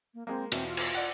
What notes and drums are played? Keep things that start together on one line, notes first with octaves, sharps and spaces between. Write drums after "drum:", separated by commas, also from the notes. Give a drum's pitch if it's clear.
A#3
G#3 A#3 C4
E2 B2 C4, drum: cymbal
F4
drum: cymbal
D5 F#5